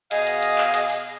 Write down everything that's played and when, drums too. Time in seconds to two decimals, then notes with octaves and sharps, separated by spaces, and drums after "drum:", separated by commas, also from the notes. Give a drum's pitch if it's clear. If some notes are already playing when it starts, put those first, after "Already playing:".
0.11 B2 G#4 D#5 F5, drum: hi-hat
0.27 drum: hi-hat
0.42 drum: hi-hat
0.58 drum: clap
0.74 drum: hi-hat
0.90 drum: open hi-hat